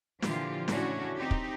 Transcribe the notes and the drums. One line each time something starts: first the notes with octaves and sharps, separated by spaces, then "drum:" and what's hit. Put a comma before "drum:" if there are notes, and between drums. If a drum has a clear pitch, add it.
A#2 D3 E3 F3 F4 G4, drum: snare
A2 C#3 C#4 D4 E4 F#4, drum: snare
C4 D#4 G4
drum: kick